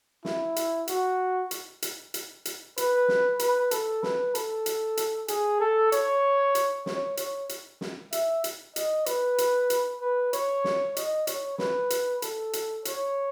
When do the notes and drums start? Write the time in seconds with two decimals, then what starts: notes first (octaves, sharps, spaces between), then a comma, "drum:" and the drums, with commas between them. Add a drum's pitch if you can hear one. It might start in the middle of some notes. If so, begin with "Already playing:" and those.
0.25 E4, drum: snare
0.56 drum: hi-hat
0.88 F#4, drum: hi-hat
1.51 drum: hi-hat
1.82 drum: hi-hat
2.14 drum: hi-hat
2.45 drum: hi-hat
2.78 B4, drum: hi-hat
3.08 drum: snare
3.39 B4, drum: hi-hat
3.71 A4, drum: hi-hat
4.03 B4, drum: snare
4.35 A4, drum: hi-hat
4.66 drum: hi-hat
4.97 drum: hi-hat
5.28 G#4, drum: hi-hat
5.60 A4
5.92 C#5, drum: hi-hat
6.55 drum: hi-hat
6.86 C#5, drum: snare
7.17 C#5, drum: hi-hat
7.49 drum: hi-hat
7.81 drum: snare
8.12 E5, drum: hi-hat
8.44 drum: hi-hat
8.76 D#5, drum: hi-hat
9.06 B4, drum: hi-hat
9.38 drum: hi-hat
9.70 drum: hi-hat
10.01 B4
10.33 C#5, drum: hi-hat
10.64 drum: snare
10.97 D#5, drum: hi-hat
11.27 C#5, drum: hi-hat
11.58 B4, drum: snare
11.90 drum: hi-hat
12.22 A4, drum: hi-hat
12.53 drum: hi-hat
12.85 C#5, drum: hi-hat